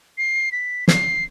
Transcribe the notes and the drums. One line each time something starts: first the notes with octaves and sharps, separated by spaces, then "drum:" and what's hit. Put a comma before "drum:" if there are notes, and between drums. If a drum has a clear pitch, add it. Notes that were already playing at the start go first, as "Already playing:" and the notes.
C7
B6
C7, drum: snare